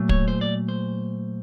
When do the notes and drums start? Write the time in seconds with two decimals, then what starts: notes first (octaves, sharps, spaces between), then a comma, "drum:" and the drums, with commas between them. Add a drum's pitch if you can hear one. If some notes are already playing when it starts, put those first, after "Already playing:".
Already playing: A#2 F#3 A3
0.09 C#5, drum: kick
0.28 C5
0.41 D5
0.69 C5